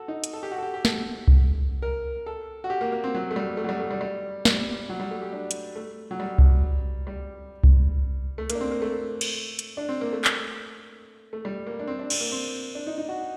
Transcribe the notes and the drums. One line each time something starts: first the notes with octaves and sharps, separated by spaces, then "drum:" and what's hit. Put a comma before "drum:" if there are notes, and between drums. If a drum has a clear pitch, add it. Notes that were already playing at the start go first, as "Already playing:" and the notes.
Already playing: F#4 A4
D#4
drum: hi-hat
A4
G4
F#4
A4
G4
G4
A4, drum: snare
drum: kick C2
A#4
A4
F#4
G4
A#3
A#3
C4
F#3
A3
G3
A3
F#3
G3
A3
G3
G3
G3, drum: snare
F#3
G3
A3
G4
D4
drum: hi-hat
A3
F#3
G3
drum: kick C2
G3
drum: kick C2
A3
A#3, drum: hi-hat
D4
C4
A#3
A3
drum: cymbal
drum: hi-hat
D4
C4
A#3
A3
drum: clap
A3
G3
A#3
D4
C4
D4
C4, drum: cymbal
A#3
C4
D4
D#4
D#4
F#4